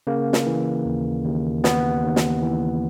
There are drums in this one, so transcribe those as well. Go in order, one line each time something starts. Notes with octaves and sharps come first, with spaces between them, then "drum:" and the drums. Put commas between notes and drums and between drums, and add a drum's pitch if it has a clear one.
C#3 A#3
drum: snare
E3
D#2
D#2
D#2 B3, drum: snare
D#2
drum: snare
E3